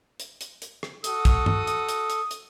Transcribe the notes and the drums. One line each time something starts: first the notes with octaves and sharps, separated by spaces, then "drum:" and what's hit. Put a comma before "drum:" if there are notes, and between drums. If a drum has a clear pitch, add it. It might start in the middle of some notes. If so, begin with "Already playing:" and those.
drum: hi-hat
drum: hi-hat
drum: hi-hat
drum: rim click
F#4 A4 D#6, drum: hi-hat
drum: kick, hi-hat
drum: tom
drum: hi-hat
drum: hi-hat
drum: hi-hat
drum: hi-hat